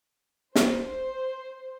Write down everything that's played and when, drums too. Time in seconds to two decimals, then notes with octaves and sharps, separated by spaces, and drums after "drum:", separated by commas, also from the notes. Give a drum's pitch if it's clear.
0.55 C5, drum: snare